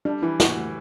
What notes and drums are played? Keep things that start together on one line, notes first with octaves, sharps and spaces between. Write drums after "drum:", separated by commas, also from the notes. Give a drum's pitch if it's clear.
G3 D4
E3 E4
A2 F#4, drum: snare
A2